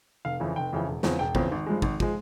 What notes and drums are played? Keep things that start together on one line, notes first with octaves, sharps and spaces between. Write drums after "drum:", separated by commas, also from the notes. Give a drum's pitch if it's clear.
F1 F5
F2 C#3 E3
F1 G5
F2 C#3 E3
E1
E2 C#3 F3 C4, drum: snare
E1 G5
E2 C#3 F3 C4, drum: kick
G#1
G2 F3 G#3
G#1, drum: kick
F3 G#3, drum: kick